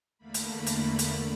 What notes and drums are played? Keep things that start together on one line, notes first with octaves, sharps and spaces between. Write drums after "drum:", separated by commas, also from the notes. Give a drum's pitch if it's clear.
E2 D3 A3 A#3 B5
drum: hi-hat
drum: hi-hat
drum: hi-hat